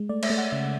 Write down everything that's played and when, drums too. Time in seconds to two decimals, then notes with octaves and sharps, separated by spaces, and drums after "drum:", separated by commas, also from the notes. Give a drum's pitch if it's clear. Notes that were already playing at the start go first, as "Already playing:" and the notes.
Already playing: G#3
0.09 A3 D5
0.23 E5, drum: cymbal
0.30 A3
0.38 F#5
0.51 C#3 E5